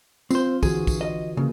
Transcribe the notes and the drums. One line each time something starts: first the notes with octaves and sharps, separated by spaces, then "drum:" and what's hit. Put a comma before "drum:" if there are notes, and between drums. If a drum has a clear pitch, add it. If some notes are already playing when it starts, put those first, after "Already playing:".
C4 F4 C5, drum: tambourine
D3 E3 F#4 G#4, drum: kick, tambourine
drum: kick, tambourine
D#5
C#3 A#3